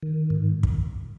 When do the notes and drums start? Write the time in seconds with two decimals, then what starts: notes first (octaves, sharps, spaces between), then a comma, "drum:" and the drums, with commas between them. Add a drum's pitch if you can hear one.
0.03 D#3
0.30 G#2
0.63 drum: kick